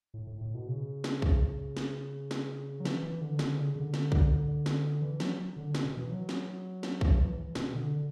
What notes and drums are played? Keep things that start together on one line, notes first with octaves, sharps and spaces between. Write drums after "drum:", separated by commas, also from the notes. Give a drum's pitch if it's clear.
A2
A2
A2
B2
C#3
drum: snare
drum: kick
drum: snare
drum: snare
F#3
E3, drum: snare
E3
D3
D3, drum: snare
C#3
D3
drum: snare
drum: kick
drum: snare
E3
F#3, drum: snare
D3
drum: snare
B2
E3
F#3
drum: snare
drum: snare
drum: kick
F#3
E3
B2, drum: snare
D3